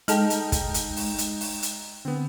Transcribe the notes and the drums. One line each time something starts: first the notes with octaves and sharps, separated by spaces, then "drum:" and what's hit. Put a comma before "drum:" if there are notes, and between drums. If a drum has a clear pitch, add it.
G#3 D#4 A4 D#5 G5 A5, drum: hi-hat
drum: hi-hat
drum: kick, hi-hat
drum: hi-hat
drum: open hi-hat
drum: hi-hat
drum: open hi-hat
drum: hi-hat
D3 B3 C4